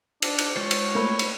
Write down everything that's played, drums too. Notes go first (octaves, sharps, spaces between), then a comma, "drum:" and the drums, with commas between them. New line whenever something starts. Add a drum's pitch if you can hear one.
D4, drum: cymbal
drum: cymbal
G#3 F4 C5 C#5
drum: cymbal
A3 A#3 E4
drum: cymbal